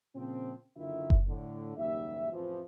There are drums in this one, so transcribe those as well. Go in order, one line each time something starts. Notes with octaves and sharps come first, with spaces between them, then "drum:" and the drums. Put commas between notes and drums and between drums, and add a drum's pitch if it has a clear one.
A#2 C#3 F3 C4
F#1 D3 D#3 E4 F4 E5
drum: kick F#1
A2 D3
F#1 D#2 G#2 G3 E5
A1 F2 E3 F3